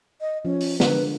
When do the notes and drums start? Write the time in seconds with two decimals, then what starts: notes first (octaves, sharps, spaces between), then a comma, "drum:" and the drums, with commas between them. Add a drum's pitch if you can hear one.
0.21 D#5
0.45 F3 C#4
0.61 drum: open hi-hat
0.80 D3 G#3 A#4 B4, drum: snare